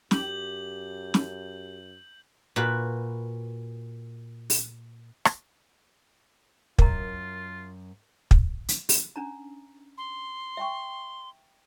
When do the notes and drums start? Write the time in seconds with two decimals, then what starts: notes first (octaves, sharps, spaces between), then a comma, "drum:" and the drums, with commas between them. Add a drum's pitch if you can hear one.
0.11 F#2 G4 G6 F#7, drum: snare
1.14 drum: snare
2.56 A#2 F#4 B4
4.50 drum: open hi-hat
5.25 drum: rim click
6.79 F#2 F4 A#4 A#5, drum: kick
8.31 drum: kick
8.68 drum: hi-hat
8.89 drum: open hi-hat
9.16 C#4 D4 A#5
9.98 C6
10.57 E5 G5 C#6